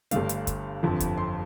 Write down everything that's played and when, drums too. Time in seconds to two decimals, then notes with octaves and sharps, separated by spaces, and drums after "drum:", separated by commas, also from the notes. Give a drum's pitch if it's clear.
0.11 G1 G2 D3 A3 D4 F5, drum: hi-hat
0.29 drum: hi-hat
0.47 drum: kick, hi-hat
0.83 G1 F2 D3 F3 C4
1.00 drum: kick, hi-hat
1.18 C6